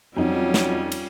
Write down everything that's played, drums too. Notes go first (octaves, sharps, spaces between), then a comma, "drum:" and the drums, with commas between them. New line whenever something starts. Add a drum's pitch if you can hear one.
F2 F#3 G3 C#4 D#4 F4
drum: snare
drum: cymbal